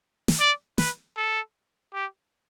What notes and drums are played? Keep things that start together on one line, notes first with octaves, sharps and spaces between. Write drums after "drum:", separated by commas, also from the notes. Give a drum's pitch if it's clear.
drum: snare
D5
B4, drum: snare
A4
G4